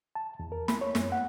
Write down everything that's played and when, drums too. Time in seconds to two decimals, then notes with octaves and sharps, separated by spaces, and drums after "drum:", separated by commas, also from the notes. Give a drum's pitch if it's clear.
0.15 A5
0.39 E2
0.52 A#4
0.68 B5, drum: snare
0.81 C#5
0.95 F#2, drum: snare
1.12 F#5